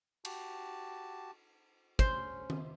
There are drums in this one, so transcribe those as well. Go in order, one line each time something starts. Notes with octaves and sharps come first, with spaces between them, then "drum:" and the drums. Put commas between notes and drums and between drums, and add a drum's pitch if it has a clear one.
F#4 G4 A5, drum: cymbal
C#4 C5, drum: kick
drum: tom D#3